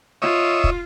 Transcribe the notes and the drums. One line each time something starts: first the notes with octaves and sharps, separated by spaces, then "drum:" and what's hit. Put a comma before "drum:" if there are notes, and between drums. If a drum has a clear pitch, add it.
F4 C#5 D#5 E5
drum: kick